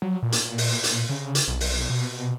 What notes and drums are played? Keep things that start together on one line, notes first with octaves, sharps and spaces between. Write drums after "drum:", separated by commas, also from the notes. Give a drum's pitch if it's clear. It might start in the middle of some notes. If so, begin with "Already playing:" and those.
F#3
A#2
drum: hi-hat
A#2
drum: open hi-hat
drum: hi-hat
C#3
drum: hi-hat
B1
drum: open hi-hat
B2